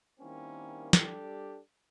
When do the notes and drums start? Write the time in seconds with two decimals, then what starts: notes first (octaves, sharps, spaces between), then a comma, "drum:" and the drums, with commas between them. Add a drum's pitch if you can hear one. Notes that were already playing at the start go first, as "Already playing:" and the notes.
0.20 D#3 G3 A#3 C4 C#4 E4
0.93 G3 D4 G4 A4, drum: snare